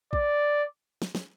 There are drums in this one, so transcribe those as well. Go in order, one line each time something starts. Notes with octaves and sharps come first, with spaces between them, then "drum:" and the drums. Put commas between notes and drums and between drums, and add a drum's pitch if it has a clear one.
D5, drum: kick
drum: snare
drum: snare